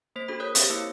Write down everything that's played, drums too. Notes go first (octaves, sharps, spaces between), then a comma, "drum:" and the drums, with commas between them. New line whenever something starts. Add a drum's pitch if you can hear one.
A#3 C5 B6
D4 F#4 G#4 A4 B5
A#4 C#5 D#6 F#6 G6 B6
C4 G4 C5 C#5 E5 F5, drum: hi-hat
A#3 E4 F5 D6 E6 C#7